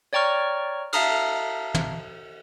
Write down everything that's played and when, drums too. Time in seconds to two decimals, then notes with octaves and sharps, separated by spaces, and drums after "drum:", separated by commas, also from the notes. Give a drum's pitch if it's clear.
0.13 C#5 D5 G5 A#5 C#6 F6
0.93 E5 F5 A5 A#5 D#6 F6, drum: cymbal
1.75 drum: tom